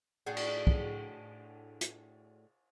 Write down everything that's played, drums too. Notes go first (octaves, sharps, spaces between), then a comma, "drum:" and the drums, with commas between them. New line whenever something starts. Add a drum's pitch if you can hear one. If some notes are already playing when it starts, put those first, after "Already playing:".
A2 D4 F#4 G#4
drum: cymbal
drum: kick
drum: hi-hat